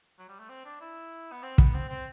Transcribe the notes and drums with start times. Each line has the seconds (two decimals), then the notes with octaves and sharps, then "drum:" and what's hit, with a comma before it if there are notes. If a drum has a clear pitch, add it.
0.19 F#3
0.28 G3
0.39 A3
0.49 C4
0.66 D4
0.81 E4
1.32 B3
1.43 C4
1.58 B3, drum: kick
1.74 C4
1.89 C4